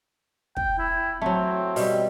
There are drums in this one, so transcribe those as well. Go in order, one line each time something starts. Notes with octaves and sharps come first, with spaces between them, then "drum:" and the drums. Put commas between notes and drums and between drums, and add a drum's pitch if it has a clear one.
G5, drum: kick
E4
F#3 A3 C4
B2 G3, drum: open hi-hat